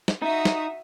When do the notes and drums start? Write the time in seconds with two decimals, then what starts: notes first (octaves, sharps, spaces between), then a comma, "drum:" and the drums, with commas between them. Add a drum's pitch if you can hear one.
0.08 drum: snare
0.22 D#4 F#4 E5 D#6
0.45 drum: snare